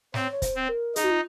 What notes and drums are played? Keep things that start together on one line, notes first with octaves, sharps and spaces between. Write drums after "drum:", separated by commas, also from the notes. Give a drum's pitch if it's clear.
C4 C#5, drum: snare
C#5
C5, drum: kick, hi-hat
C4
A#4
D#4 G#4, drum: hi-hat
F#4
F4